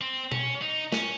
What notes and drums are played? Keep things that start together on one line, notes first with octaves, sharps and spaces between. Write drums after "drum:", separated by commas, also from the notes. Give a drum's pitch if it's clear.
C4
C#4, drum: tom B2
D#4
C#4, drum: snare